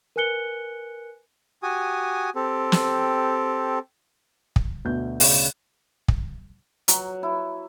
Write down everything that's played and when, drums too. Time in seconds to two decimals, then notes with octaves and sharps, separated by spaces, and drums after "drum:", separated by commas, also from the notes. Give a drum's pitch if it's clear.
0.16 A#4 B4 G#5 F#6 C#7 G7
1.63 F#4 G4 G#5 D#6
2.35 C4 G4 A4
2.72 drum: snare
4.56 drum: kick
4.85 D2 B2 G6
5.20 C#3 D5, drum: open hi-hat
6.08 drum: kick
6.88 F#3, drum: hi-hat
7.23 E4